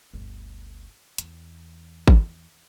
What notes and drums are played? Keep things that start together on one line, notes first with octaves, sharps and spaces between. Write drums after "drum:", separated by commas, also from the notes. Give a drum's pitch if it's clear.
G1 D2
E2, drum: hi-hat
drum: kick G#1